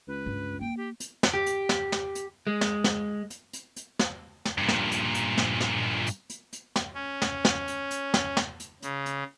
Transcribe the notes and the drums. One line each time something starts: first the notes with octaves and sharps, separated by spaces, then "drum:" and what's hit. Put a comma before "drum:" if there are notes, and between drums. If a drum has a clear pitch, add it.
C#2 B4
G2
A#3 G5
G4
drum: hi-hat
drum: snare
G4
drum: hi-hat
drum: snare
drum: snare
drum: hi-hat
G#3
drum: snare
drum: snare
drum: hi-hat
drum: hi-hat
drum: hi-hat
drum: snare
drum: snare
G2 A#2
drum: snare
drum: hi-hat
drum: hi-hat
drum: snare
drum: snare
drum: hi-hat
drum: hi-hat
drum: hi-hat
drum: snare
C#4
drum: snare
drum: snare
drum: hi-hat
drum: hi-hat
drum: snare
drum: snare
drum: hi-hat
C#3, drum: hi-hat
drum: hi-hat